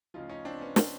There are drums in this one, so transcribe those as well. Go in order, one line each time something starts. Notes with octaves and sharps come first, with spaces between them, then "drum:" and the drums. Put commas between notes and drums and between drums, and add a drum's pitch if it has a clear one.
D2 C#3 F3 D#4 F4
C#4 D#4
C4 D4
B3 C#4
C4 D4, drum: snare